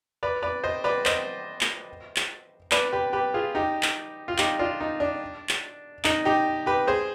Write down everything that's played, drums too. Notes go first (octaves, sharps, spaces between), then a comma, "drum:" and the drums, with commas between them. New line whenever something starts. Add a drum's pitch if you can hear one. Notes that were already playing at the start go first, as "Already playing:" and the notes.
B4 D5
B4 D5
C5 D#5
B4 D5
C5 D#5, drum: clap
drum: clap
drum: clap
B4 D5, drum: clap
G4 B4
G4 B4
F4 G#4
D#4 G4
drum: clap
F4
D#4 G4, drum: clap
D4 F4
D#4
D4
drum: clap
D#4, drum: clap
D#4 G4
G4 B4
G#4 C5